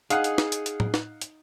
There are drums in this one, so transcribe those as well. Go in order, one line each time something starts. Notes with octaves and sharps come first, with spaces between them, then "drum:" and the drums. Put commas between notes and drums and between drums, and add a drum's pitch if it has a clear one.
D#4 G#4 F5 F#5, drum: hi-hat
drum: hi-hat
drum: snare
drum: hi-hat
drum: hi-hat
drum: tom
drum: snare
drum: hi-hat